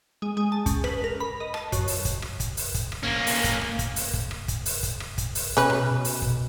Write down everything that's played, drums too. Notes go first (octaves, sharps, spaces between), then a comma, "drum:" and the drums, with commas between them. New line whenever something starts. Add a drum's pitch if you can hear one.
G#3
G#3
A5
C#2, drum: kick, hi-hat
B4, drum: rim click
A#4
B5
D#5
A5, drum: rim click
F#2, drum: kick, hi-hat
drum: open hi-hat
drum: kick, hi-hat
drum: rim click
drum: kick, hi-hat
drum: open hi-hat
drum: kick, hi-hat
drum: rim click
A#3 C#4
drum: open hi-hat
drum: kick, hi-hat
drum: rim click
drum: kick, hi-hat
drum: open hi-hat
drum: kick
drum: rim click
drum: kick, hi-hat
drum: open hi-hat
drum: kick, hi-hat
drum: rim click
drum: kick, hi-hat
drum: open hi-hat
B2 C#4 B4
drum: rim click
B2
drum: open hi-hat
drum: kick